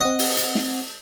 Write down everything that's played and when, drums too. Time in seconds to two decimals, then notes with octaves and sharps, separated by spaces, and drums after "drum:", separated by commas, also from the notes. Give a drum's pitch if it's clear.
0.01 C4 D#5 F#5
0.19 drum: open hi-hat
0.37 drum: hi-hat
0.55 drum: snare